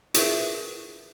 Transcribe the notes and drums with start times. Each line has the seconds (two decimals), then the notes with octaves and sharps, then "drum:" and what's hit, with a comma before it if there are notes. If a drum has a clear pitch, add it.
0.14 E4 F4 G#4 A#4 B4 E5, drum: hi-hat